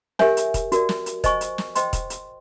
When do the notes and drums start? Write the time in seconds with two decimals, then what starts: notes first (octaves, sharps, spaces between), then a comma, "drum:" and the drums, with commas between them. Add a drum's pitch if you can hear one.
0.19 G4 A#4 C#5 E5 G#5, drum: snare
0.37 drum: hi-hat
0.54 drum: kick, hi-hat
0.72 F#4 A#4 D5, drum: hi-hat
0.89 drum: snare
1.06 drum: hi-hat
1.24 C5 D#5 G#5 C#6, drum: kick, hi-hat
1.41 drum: hi-hat
1.58 drum: snare
1.75 C5 D#5 G5 C6, drum: hi-hat
1.93 drum: kick, hi-hat
2.10 drum: hi-hat